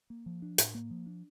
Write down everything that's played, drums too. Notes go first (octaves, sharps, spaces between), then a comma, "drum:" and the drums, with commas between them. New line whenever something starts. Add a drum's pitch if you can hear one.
A#3
F3
D4
A2, drum: hi-hat
A#3
F3
D4